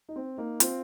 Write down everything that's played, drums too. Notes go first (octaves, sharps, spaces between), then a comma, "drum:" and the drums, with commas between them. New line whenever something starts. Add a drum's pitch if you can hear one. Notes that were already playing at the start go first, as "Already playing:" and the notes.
D#4
C4
A#3 D#4
C4 F4, drum: hi-hat